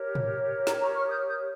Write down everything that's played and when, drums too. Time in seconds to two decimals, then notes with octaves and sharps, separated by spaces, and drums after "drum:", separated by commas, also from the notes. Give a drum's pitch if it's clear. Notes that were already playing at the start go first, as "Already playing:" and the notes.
Already playing: G4 A#4 C#5
0.15 drum: tom
0.67 G5 A#5, drum: snare
0.81 A#5 C#6
0.95 C#6 F6
1.09 D#6 G6
1.27 D#6 G6